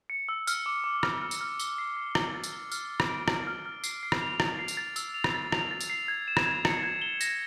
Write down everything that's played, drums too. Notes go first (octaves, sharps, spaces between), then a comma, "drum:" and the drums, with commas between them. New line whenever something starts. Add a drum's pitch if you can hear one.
C#7
E6
F6, drum: tambourine
D6
D6
F6, drum: rim click
F6
drum: tambourine
F6
G7, drum: tambourine
C7
C7
G7, drum: rim click
A6
drum: tambourine
G7
F6, drum: tambourine
F6
drum: rim click
D7
D7, drum: rim click
F6
F6
C7, drum: tambourine
C7
drum: rim click
F7
A6, drum: rim click
C7
drum: tambourine
A6
E6, drum: tambourine
F7
drum: rim click
A6
F7, drum: rim click
A6
drum: tambourine
C7
G#6
E7
drum: rim click
G#6
C#7, drum: rim click
G#6
G7
A#6, drum: tambourine